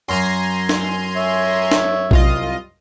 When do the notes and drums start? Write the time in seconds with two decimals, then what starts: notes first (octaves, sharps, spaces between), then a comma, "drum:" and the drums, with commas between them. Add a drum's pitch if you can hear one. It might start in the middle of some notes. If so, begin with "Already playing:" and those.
0.09 F#2 G#5 A#5 C6
0.69 drum: snare
1.17 C#5 E5
1.72 drum: snare
2.11 C2 F4 D#5, drum: kick A#1